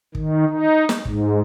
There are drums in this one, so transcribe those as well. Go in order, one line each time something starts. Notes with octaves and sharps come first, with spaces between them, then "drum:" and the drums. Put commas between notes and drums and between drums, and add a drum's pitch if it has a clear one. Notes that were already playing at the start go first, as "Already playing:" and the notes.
D#3, drum: kick
D#4
drum: snare
G#2, drum: kick